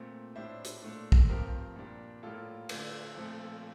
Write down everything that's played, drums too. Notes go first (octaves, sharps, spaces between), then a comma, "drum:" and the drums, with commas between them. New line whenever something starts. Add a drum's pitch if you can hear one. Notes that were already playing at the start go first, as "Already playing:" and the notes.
Already playing: A#2 A3 C4
A2 G3 D4 C5 E5
drum: hi-hat
A#2 A3 D4
drum: kick
G2 F3 C4 G4 A#4
A#2 G3 D4
A2 G3 A#3 F4 A4
D3 A3 D4, drum: cymbal
A#2 F3 A3 C4